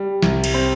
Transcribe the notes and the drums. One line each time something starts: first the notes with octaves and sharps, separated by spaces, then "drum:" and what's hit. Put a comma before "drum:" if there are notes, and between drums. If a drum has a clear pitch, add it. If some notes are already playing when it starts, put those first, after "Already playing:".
Already playing: G3
C2, drum: snare
drum: cymbal
C4